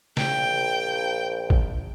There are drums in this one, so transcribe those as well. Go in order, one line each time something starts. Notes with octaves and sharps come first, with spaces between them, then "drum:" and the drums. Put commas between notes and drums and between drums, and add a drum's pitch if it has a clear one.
A#1 G5, drum: snare
drum: kick A1